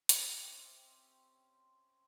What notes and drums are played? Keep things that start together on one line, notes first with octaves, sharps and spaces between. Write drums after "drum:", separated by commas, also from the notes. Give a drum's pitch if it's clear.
C4 C#4 G4 E5, drum: hi-hat